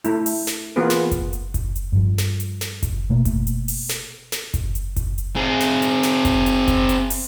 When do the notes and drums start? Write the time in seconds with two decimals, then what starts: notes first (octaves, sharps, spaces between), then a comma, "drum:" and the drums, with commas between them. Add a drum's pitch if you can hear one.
0.04 A3 E4, drum: hi-hat
0.26 drum: open hi-hat
0.47 drum: snare
0.76 E3 A#3 B3 F4 G#4 B4
0.90 drum: snare
1.11 drum: kick F#1, hi-hat
1.33 drum: hi-hat
1.54 drum: kick F#1, hi-hat
1.76 drum: hi-hat
1.92 G2 F3
2.18 drum: snare
2.40 drum: hi-hat
2.61 drum: snare
2.83 drum: kick F#1, hi-hat
3.10 B2 A3 A#3
3.25 drum: kick F#1, hi-hat
3.47 drum: hi-hat
3.68 drum: open hi-hat
3.89 drum: snare
4.32 drum: snare
4.54 drum: kick F#1, hi-hat
4.75 drum: hi-hat
4.96 drum: kick F#1, hi-hat
5.18 drum: hi-hat
5.36 C4 G#4
5.61 drum: snare
5.82 drum: hi-hat
6.03 drum: snare
6.25 drum: kick F#1, hi-hat
6.46 drum: hi-hat
6.68 drum: kick F#1, hi-hat
6.89 drum: hi-hat
7.10 drum: open hi-hat